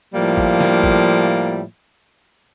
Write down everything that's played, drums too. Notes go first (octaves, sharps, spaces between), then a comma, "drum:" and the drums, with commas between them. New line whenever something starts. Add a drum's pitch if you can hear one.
A2 F3 G3 A#3
drum: kick A1
drum: snare
drum: kick A1